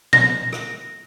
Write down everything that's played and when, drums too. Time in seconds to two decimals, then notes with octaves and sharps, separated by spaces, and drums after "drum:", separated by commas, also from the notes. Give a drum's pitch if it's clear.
0.13 A#6, drum: tom A#2
0.53 drum: rim click